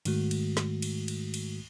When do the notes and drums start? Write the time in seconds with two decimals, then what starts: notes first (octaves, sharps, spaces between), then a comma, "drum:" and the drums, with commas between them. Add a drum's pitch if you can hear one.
0.05 G#2 D#3 G#3 A3 F#4, drum: cymbal
0.31 drum: cymbal
0.57 drum: snare
0.82 drum: cymbal
1.08 drum: cymbal
1.34 drum: cymbal